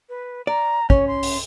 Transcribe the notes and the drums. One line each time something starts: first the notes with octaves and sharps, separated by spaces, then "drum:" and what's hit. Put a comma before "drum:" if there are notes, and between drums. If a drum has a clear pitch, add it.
B4
D5 A#5
C#4 C#5, drum: kick
C6
drum: open hi-hat